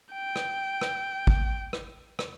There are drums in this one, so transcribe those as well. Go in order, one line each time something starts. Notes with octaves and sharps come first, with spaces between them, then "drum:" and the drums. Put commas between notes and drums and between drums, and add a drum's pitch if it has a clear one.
G5
drum: rim click
drum: rim click
drum: kick
drum: rim click
drum: rim click